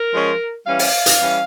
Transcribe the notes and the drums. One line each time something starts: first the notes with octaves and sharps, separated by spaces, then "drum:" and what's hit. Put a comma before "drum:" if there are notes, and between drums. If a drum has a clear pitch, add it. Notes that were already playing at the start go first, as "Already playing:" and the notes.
Already playing: A#4
F3 G#3 C#4
E3 G3 C#4 F5
drum: open hi-hat
drum: hi-hat
E3 G3 C#4